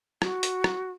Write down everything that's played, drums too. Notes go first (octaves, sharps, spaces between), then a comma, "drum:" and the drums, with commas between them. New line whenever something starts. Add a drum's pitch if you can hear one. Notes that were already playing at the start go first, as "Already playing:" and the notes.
F#4, drum: rim click
drum: hi-hat
drum: rim click